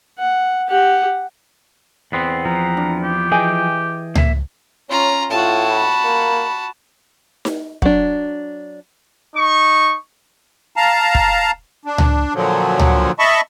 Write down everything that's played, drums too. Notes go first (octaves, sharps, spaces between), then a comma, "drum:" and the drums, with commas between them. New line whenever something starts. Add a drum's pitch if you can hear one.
F#5
G4 F#5
E2 B3 C4
F3 A#5
D4
G4
E3 G#4 D#5 G5 G#5
A#3 E5, drum: tom C#2
C#4 F4 C#5 A#5
A2 F4 F#4 A5
B5
A#3
drum: snare D#4
F#3 D4, drum: kick
D#4 C#6
F5 A5 A#5
drum: kick
D4
drum: tom C#2
A#2 D3 F3 F#3
drum: tom C#2
D#5 E5 A5 B5 C#6